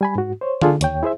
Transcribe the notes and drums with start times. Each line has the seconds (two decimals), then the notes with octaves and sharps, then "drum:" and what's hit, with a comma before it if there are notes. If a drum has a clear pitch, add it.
0.01 G3 G#5 B5
0.16 G#2 F#4
0.41 C5 C#5
0.61 D4 F4 G#4 A4, drum: tom D3
0.81 D#2 C#5 G5, drum: hi-hat
1.03 E4 G#4 C5 E5